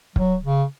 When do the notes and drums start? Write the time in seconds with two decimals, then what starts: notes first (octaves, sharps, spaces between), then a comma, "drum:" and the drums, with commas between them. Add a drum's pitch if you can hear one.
0.16 F#3, drum: kick
0.44 C#3